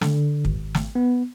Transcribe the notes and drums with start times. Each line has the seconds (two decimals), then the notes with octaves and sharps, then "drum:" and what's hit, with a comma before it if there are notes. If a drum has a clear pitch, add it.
0.01 D3, drum: snare
0.45 G#1, drum: kick
0.75 drum: snare
0.95 B3